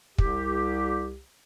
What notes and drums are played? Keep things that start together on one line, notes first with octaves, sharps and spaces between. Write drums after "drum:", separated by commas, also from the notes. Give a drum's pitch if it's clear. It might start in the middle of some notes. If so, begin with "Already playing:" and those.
C2 G4, drum: kick